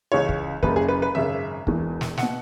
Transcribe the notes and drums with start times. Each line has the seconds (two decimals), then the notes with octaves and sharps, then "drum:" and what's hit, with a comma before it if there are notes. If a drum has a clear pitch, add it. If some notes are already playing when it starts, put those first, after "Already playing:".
0.12 C#2 C#3 E3 C#5
0.29 drum: kick
0.63 F#1 F#2 C#3 B4, drum: kick
0.76 G#4
0.88 B4
1.02 B4
1.14 G#1 F#2 C#3 E5
1.67 E1 E2 E3, drum: kick
2.01 drum: snare
2.17 F#5, drum: snare
2.23 B2